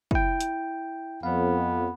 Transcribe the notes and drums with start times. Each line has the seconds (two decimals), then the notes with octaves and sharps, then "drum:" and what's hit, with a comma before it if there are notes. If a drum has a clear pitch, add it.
0.11 E4 G5, drum: kick
0.41 drum: hi-hat
1.23 F2 B3 F5